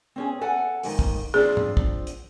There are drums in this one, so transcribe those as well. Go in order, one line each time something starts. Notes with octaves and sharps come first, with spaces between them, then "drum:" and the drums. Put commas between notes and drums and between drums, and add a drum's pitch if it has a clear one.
C4 C#4 G#4
A4 F#5 G#5
F2 G#2 D#3, drum: open hi-hat
drum: kick
F3 C4 D4 G#4
drum: tom
drum: kick
drum: hi-hat